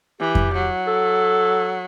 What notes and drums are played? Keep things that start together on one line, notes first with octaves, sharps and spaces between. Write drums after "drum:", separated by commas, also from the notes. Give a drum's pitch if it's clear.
E3 G4
drum: kick F2
F#3
A4